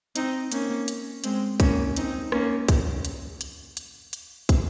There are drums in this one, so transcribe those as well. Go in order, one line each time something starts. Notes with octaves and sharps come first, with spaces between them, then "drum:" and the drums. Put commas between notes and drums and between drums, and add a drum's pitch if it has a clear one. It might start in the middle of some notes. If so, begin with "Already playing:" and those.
C4 D#4, drum: hi-hat
A#3 C#4, drum: hi-hat
drum: hi-hat
G#3 C4, drum: hi-hat
A#3 C#4, drum: kick, hi-hat
C4 D#4, drum: hi-hat
A#3 C#4, drum: rim click
drum: kick, hi-hat
drum: hi-hat
drum: hi-hat
drum: hi-hat
drum: hi-hat
drum: kick, hi-hat